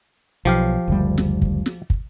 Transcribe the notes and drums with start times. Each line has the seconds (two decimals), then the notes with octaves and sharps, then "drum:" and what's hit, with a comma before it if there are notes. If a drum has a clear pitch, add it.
0.45 B1 F3 G4 F5
0.88 F#1 D2 G3
1.18 drum: snare
1.42 drum: kick
1.66 drum: snare
1.90 drum: kick